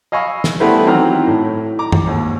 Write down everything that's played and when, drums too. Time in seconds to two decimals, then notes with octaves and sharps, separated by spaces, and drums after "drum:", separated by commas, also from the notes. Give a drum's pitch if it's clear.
0.12 D#5 F5 G#5 B5 C#6 E6
0.44 drum: snare
0.60 G3 A3 B3 E4 B4 C5
0.86 D#3 E3 F#3 C4 A#5 F6
1.27 A2
1.79 A#5 D6
1.92 drum: tom F#2
2.07 D#2 G#2